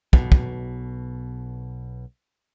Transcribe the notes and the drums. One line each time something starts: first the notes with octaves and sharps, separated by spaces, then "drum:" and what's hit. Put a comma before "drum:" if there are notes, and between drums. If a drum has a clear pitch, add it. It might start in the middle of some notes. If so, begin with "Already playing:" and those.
B1 B2, drum: kick
drum: kick